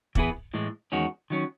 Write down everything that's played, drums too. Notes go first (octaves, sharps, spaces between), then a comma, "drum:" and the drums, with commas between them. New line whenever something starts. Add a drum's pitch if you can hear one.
E3 B3 E4 G#4 B4, drum: kick
A2 E3 G#3
E2 D#3 G#3 C#4 F#4
D#3 F#3 C#4